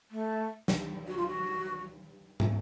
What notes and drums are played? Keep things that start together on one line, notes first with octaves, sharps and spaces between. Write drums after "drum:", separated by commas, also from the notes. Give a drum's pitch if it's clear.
A3
drum: snare
F#4
F4
F#4
drum: tom